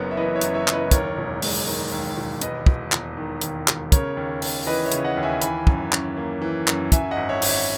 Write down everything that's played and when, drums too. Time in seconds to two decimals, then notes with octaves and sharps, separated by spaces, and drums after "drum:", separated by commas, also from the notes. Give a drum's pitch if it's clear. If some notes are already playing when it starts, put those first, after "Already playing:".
Already playing: F#1 F#2 B3 A#4 C#5
0.11 E5
0.17 E3 B4 D#5
0.36 C#5 E5
0.41 F#2, drum: hi-hat
0.54 C#5 E5
0.68 F#1, drum: clap
0.73 B4 D#5
0.91 D#2 A#4 C#5, drum: kick, hi-hat
1.17 E1
1.42 G#3, drum: open hi-hat
1.68 D#3
1.92 D#2
2.16 E1
2.41 D#2 B4 D#5, drum: hi-hat
2.66 E1, drum: kick
2.92 E1, drum: clap
3.17 D#3
3.41 D#2, drum: hi-hat
3.68 E1, drum: clap
3.92 C#3 A#4 C#5, drum: kick, hi-hat
4.17 D#2
4.42 D#2, drum: open hi-hat
4.67 E3 B4 D#5
4.85 C#5 E5
4.92 C#3, drum: hi-hat
5.04 D#5 F#5
5.17 D#2
5.23 E5 G#5
5.42 E3 G#5 B5, drum: hi-hat
5.67 F#2, drum: kick
5.92 C#4, drum: clap
6.17 A#3
6.42 E3
6.68 F#2, drum: clap
6.92 F#2 E5 G#5, drum: kick, hi-hat
7.11 D#5 F#5
7.17 G#1
7.29 C#5 E5
7.42 G#1, drum: open hi-hat
7.48 C#5 E5